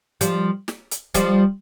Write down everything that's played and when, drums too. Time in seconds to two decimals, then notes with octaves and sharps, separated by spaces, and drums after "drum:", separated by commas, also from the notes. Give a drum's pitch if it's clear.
0.21 F3 G3, drum: hi-hat
0.68 drum: snare
0.91 drum: hi-hat
1.14 F3 G3, drum: kick C#1, hi-hat